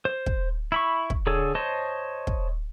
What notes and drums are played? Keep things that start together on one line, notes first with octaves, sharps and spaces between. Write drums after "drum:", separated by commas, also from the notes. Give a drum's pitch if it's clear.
C5
drum: kick
E4 B5 C#6
drum: kick
D3 G#4 A4 C#5
C5 C#5 D#5 A5
drum: kick